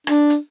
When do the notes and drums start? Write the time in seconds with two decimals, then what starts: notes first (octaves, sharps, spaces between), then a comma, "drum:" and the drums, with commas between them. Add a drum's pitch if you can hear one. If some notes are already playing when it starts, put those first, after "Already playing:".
0.07 D4, drum: rim click
0.30 drum: hi-hat